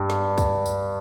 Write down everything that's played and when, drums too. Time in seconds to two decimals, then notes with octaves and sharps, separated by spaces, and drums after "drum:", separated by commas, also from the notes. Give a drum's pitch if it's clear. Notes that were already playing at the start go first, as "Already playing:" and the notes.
Already playing: G2
0.10 drum: snare
0.38 drum: kick, tambourine
0.66 drum: tambourine